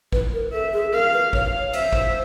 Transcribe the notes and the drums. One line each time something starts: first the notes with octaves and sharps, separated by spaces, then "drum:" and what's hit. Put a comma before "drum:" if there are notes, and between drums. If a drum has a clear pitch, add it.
B4, drum: kick
A#4
A4 E5
G#4
A#4 F5
B4
C#5 F5, drum: kick
C5 E5, drum: cymbal
drum: kick